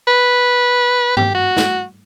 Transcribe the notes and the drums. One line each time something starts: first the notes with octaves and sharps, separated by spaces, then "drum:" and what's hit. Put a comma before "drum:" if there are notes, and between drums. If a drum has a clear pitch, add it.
B4
G4, drum: tom G2
F#4
drum: snare